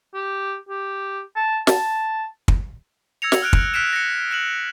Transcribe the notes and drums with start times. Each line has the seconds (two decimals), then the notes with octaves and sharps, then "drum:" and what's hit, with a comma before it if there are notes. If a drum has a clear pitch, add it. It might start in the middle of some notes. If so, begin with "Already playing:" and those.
0.14 G4
0.69 G4
1.36 A5
1.67 A5, drum: snare
2.48 drum: kick
3.22 E6 G#6 A#6 C#7 F7
3.32 drum: snare
3.42 F6 F#6 D7 F7
3.53 drum: kick
3.74 F6 F#6 B6 C7 D7 E7
3.93 A#6 C#7
4.31 F#6 E7 F#7